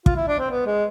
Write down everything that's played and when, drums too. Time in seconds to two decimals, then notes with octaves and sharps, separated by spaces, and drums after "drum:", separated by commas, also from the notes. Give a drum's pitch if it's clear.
0.06 F4, drum: kick
0.16 E4
0.28 D4
0.39 C4
0.50 B3
0.66 G#3